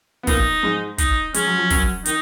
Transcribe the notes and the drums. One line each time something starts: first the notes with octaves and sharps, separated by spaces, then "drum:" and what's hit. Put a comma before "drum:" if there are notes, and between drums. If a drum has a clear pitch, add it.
B3
A#2 A#3 D#4, drum: kick, open hi-hat
G#2 G#3
D#4, drum: kick, hi-hat
G#3 C#4, drum: hi-hat
F#3
F3
F#2 F#3, drum: kick, open hi-hat
D#3 D#4, drum: hi-hat